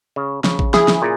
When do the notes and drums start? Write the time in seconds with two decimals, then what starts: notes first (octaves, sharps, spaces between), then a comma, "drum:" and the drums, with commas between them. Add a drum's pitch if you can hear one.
0.16 C#3
0.44 C#3, drum: snare
0.59 drum: kick A1
0.74 E4 G#4, drum: snare
0.88 drum: snare
1.02 A#2